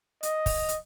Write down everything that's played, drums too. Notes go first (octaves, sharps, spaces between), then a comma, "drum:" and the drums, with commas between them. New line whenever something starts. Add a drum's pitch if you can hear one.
D#5, drum: hi-hat
drum: kick, open hi-hat
drum: hi-hat